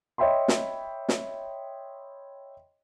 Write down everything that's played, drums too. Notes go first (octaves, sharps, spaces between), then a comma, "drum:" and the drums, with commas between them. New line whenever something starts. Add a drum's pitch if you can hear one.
C#5 D#5 E5 G5 B5 C6
drum: snare
drum: snare